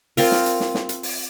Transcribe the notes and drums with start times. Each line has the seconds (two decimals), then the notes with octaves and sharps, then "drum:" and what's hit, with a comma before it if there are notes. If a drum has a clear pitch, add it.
0.17 C4 F4 A#4, drum: open hi-hat
0.32 drum: snare
0.46 drum: hi-hat
0.60 drum: snare
0.75 drum: snare
0.89 drum: hi-hat
1.03 drum: open hi-hat